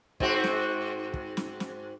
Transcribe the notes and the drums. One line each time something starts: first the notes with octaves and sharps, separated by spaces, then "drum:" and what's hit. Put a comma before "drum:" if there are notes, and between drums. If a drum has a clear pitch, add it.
G#2 C4 F#4, drum: kick
drum: snare
drum: kick
drum: snare
drum: snare